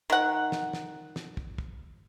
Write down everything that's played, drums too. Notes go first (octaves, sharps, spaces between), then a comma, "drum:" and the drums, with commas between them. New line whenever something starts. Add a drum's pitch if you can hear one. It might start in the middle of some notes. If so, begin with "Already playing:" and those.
D#3 F#5
drum: snare
drum: snare
drum: snare
drum: kick
drum: kick